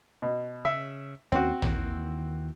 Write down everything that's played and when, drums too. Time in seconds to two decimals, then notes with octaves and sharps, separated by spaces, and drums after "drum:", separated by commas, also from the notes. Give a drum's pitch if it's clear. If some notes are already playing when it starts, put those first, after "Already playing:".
0.22 B2
0.65 C#3 E5
1.32 D#2 A#3 C4 C#4 F#4
1.62 D#2 D#3 E3, drum: tom